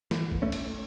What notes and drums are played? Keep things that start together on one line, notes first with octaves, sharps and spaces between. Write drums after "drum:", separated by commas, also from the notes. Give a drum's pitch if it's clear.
E3, drum: snare
drum: kick
A3 C#4
drum: cymbal